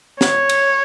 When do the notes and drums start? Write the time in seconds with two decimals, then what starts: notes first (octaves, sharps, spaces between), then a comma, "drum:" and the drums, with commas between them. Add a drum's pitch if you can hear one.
0.21 C#5, drum: snare
0.49 drum: cymbal